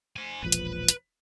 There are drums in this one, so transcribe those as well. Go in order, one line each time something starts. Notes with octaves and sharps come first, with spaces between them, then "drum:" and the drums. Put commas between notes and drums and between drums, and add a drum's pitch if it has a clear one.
C5 G#5
E1 A#1 F3 B4
drum: hi-hat
drum: hi-hat